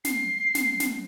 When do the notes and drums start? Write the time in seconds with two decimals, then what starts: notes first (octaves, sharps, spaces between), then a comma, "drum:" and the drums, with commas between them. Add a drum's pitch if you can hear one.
0.05 C7, drum: snare
0.55 drum: snare
0.80 drum: snare